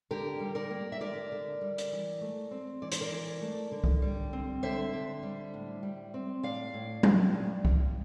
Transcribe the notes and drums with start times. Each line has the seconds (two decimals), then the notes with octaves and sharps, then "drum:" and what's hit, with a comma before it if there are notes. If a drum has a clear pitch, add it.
0.11 D3 G4 A#4
0.40 G3
0.55 A#4 D5
0.71 A#3
0.92 E5
1.00 D3 A#4 D5
1.32 D3
1.61 G3
1.78 drum: hi-hat
1.92 E3
2.21 A3
2.51 C4
2.82 E3 D5
2.92 C5, drum: hi-hat
3.01 A#4 D5
3.12 E3
3.41 A3
3.72 D3
3.84 drum: kick C2
4.02 G3
4.33 C4
4.63 D3 C5 E5
4.93 D3
5.23 G3
5.54 A2
5.83 G3
6.14 C4
6.43 A2 D5 F5
6.74 A2
7.03 G3, drum: tom F#3
7.35 A#2
7.65 G3, drum: kick C2